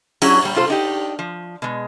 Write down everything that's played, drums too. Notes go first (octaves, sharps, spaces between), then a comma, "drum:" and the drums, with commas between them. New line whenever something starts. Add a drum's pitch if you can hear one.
F#3 C#4 D4 E4 G#4, drum: cymbal
A#2 G3
G2 C3 F4 A4 C5
D4 D#4 G4
F3
B2 G#3